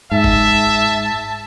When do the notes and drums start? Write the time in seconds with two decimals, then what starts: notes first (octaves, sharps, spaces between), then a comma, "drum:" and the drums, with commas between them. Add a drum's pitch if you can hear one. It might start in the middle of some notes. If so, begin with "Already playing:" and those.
0.12 G#2 E5 A5
0.24 drum: kick F#1